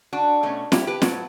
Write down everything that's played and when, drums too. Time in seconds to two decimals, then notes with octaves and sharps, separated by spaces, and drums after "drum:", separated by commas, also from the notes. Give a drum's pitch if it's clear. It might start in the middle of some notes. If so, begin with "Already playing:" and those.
0.13 D4 F#4
0.43 B2 A3 C#4
0.72 E4 G4, drum: snare
0.87 G4 B4
1.02 A2 F#3 B3, drum: snare